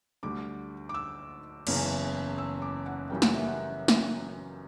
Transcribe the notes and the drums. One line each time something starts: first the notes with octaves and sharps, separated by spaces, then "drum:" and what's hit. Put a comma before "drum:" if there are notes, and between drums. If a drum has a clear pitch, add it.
D2 D3 G3 D6
D6
E6
F#1 E2 C#3 E3, drum: cymbal
E6
D6
F#5
F#2 C#3 E3 G3 A#3 G5
F#5, drum: snare
E5
F#5
drum: snare